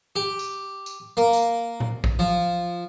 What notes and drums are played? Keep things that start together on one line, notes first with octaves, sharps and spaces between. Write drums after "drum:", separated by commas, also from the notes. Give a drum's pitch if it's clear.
G4
drum: tambourine
drum: tambourine
A#3
drum: tambourine
drum: tom A#2
drum: kick A#1
F3